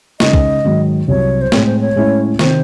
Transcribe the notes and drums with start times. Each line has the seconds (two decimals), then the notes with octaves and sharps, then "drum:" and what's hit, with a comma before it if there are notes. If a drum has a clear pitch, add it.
0.20 C#3 G#3 D#4 D#5, drum: snare
0.33 drum: kick
0.65 G#2 D#3 F#3
1.08 C2 C3 F#3 C#5
1.41 C5
1.52 A2 G#3 C4 C#5, drum: snare
1.66 C5
1.81 C#5
1.96 A2 G#3 C#4 E4
2.39 C3 D#3 C5, drum: snare